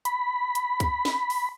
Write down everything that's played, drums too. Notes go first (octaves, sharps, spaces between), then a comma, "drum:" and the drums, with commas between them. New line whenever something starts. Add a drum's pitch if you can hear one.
B5, drum: hi-hat
drum: hi-hat
drum: kick, hi-hat
drum: snare
drum: open hi-hat